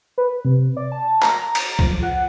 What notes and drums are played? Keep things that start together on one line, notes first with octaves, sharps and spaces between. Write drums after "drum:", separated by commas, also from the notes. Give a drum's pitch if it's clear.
B4
C3
D5
A5
A#5, drum: clap
drum: cymbal
F3, drum: kick C2
F#5